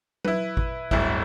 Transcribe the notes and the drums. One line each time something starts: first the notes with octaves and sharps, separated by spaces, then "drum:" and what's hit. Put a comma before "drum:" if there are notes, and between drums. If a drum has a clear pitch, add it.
E4 B4, drum: tom F#3
drum: kick G#1
D1 G1 E4, drum: kick G#1